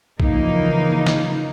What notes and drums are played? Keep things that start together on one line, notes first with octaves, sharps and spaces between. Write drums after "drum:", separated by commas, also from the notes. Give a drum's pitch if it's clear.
C#3 E3 F3 A#3 D#4, drum: kick A#1
drum: snare